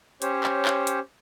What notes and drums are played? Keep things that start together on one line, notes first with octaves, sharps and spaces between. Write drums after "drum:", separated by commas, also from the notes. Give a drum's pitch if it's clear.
C#4 G4 C5 C#5, drum: hi-hat
drum: clap
drum: clap
drum: hi-hat